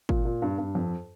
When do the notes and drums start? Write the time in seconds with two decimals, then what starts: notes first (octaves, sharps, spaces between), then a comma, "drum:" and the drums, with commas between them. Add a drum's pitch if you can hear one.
0.09 A#2, drum: kick
0.25 A#2
0.42 G2
0.58 G2
0.75 F2